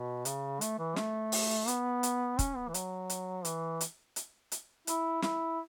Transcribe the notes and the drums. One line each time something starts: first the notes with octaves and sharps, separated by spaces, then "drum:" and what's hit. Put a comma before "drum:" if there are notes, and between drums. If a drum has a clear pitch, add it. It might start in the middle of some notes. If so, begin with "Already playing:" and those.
Already playing: B2
C#3, drum: hi-hat
A3, drum: hi-hat
E3
A3, drum: snare
drum: open hi-hat
B3, drum: hi-hat
drum: hi-hat
C#4, drum: kick, hi-hat
B3
E3
F#3, drum: hi-hat
drum: hi-hat
E3, drum: hi-hat
drum: hi-hat
drum: hi-hat
drum: hi-hat
E4, drum: hi-hat
E4, drum: snare